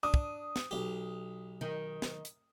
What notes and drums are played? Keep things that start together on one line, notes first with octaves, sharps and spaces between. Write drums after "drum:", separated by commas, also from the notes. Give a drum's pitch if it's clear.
D4 D#6
drum: kick
drum: snare
B1 G4
D#3
drum: snare
drum: hi-hat